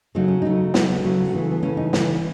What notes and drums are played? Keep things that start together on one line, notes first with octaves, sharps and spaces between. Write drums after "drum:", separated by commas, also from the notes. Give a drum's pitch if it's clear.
C#3 F#3 A3 D#4
C#4
C#3 F#3 A3 D#4
C#3 F#3 A3 B3, drum: snare
C#3 F#3 A3 C#4
C#3 E3 A3
B3
C#3 E3 A3 C#4
D#4
C#3 E3 A3, drum: snare